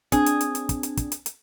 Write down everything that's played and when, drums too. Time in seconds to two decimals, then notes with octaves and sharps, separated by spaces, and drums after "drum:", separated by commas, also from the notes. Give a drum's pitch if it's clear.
0.12 C4 D4 G#4, drum: kick, hi-hat
0.26 drum: hi-hat
0.41 drum: hi-hat
0.55 drum: hi-hat
0.69 drum: kick, hi-hat
0.83 drum: hi-hat
0.97 drum: kick, hi-hat
1.12 drum: hi-hat
1.26 drum: hi-hat